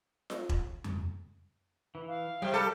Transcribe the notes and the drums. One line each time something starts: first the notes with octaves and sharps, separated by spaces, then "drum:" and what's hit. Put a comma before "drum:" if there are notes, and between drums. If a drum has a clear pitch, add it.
drum: snare F4
drum: kick E1
drum: tom F2
E3
F5
C3 G3 G#3 G5
G3 A4 A#4 F#6